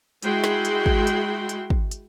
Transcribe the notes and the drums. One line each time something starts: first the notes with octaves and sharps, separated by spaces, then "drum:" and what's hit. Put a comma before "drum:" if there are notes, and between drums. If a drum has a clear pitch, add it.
G#3 E4 F#4 G#4 G5 C6, drum: hi-hat
drum: snare
drum: hi-hat
drum: kick
drum: hi-hat
drum: hi-hat
drum: kick
drum: hi-hat